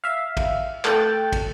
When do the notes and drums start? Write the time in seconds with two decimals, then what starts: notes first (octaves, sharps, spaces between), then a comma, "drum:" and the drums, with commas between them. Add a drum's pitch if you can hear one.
0.04 E5 F5
0.37 drum: kick, cymbal
0.85 A3 A4 G5 F#6 A6, drum: clap
1.32 drum: kick, cymbal